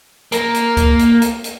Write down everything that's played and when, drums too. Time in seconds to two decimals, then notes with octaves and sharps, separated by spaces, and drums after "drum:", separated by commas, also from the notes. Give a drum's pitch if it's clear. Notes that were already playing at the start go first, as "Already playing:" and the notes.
0.32 A#3 A#4, drum: hi-hat
0.54 drum: hi-hat
0.77 drum: kick C#2, hi-hat
0.99 drum: hi-hat
1.22 drum: hi-hat
1.44 drum: hi-hat